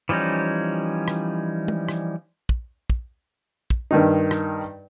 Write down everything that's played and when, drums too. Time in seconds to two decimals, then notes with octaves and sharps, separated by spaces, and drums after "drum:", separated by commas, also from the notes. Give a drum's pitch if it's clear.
0.09 E3 F3 G3 C#4 D#4
1.08 drum: rim click
1.68 drum: tom
1.89 drum: rim click
2.49 drum: kick
2.90 drum: kick
3.70 drum: kick
3.91 G2 D#3 D#4
4.31 drum: rim click